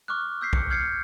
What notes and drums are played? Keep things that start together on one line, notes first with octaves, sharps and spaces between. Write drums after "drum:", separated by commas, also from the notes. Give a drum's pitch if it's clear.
C#6 D6 F6 F#6
E6 G6 B6 C7
C#7, drum: kick
F6 G6 G#6 C7 C#7